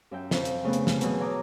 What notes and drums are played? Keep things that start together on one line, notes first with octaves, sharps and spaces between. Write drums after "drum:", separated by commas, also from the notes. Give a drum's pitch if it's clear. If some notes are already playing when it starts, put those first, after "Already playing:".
F#2 E5 G5
F2, drum: snare
drum: hi-hat
C#3 A3 B3 B4
drum: hi-hat
drum: snare
B2 E3 F#3 F#4 G#4, drum: hi-hat
C#5 F#5 A#5 D6 D#6